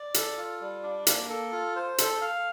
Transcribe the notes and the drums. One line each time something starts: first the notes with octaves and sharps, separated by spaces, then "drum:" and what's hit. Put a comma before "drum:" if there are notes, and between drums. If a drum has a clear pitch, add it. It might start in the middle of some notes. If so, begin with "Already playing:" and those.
Already playing: D5
A4, drum: hi-hat
F4
G3
D4
A#3, drum: hi-hat
A4
F4
C5
A4, drum: hi-hat
F5